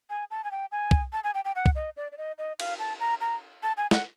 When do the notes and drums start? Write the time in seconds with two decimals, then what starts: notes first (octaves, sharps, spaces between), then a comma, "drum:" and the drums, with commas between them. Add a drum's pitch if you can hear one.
0.10 G#5
0.31 A5
0.44 G#5
0.51 G5
0.72 G#5
0.91 drum: kick
1.13 A5
1.24 G#5
1.34 G5
1.45 G5
1.56 F#5
1.66 drum: kick
1.75 D#5
1.97 D5
2.12 D5
2.18 D#5
2.38 D#5
2.60 F5, drum: cymbal
2.79 A5
3.00 A#5
3.21 A#5
3.63 A5
3.77 G#5
3.91 F#5, drum: snare